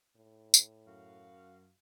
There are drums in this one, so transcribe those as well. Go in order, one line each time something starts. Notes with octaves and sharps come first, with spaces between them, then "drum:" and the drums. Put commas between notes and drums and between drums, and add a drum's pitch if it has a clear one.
A2
drum: tambourine
F#2 F#4 F5